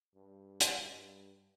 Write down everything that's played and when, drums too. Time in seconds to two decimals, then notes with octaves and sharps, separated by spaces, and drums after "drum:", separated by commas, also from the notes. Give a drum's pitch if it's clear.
0.15 G2
0.60 drum: hi-hat
0.91 G2